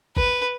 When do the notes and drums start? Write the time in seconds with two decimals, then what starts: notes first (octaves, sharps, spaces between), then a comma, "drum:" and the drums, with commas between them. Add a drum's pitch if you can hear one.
0.17 B4, drum: kick